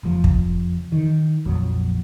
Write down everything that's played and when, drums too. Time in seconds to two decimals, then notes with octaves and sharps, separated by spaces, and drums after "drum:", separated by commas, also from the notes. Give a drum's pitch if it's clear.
0.03 F1 F3
0.24 drum: kick
0.92 D#3
1.46 A#1 F2 F#3